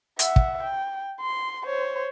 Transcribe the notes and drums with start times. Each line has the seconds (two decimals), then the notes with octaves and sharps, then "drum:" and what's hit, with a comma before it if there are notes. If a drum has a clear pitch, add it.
0.19 E5 F#5, drum: hi-hat
0.36 drum: kick
0.63 G5
1.20 C6
1.65 C5 C#5